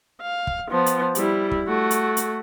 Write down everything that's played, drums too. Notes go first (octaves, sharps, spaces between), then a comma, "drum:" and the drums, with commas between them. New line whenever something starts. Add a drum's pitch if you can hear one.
F5
drum: kick
F3 B3
drum: hi-hat
G3 E4, drum: hi-hat
drum: kick
A3 F#4
drum: hi-hat
drum: hi-hat